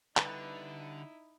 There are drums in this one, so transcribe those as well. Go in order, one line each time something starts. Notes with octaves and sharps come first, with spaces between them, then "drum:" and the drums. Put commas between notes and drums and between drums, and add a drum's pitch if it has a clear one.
D3 G3 B3 D#4 E4 B4, drum: clap